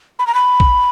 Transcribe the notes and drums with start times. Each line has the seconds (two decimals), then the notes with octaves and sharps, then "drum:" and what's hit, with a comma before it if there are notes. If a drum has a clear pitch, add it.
0.19 B5
0.27 A#5
0.35 B5
0.60 drum: kick